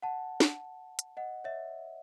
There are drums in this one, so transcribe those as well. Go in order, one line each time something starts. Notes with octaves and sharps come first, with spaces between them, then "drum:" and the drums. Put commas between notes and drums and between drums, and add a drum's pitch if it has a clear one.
F#5 A5
drum: snare
drum: hi-hat
D#5 F#5
C#5 E5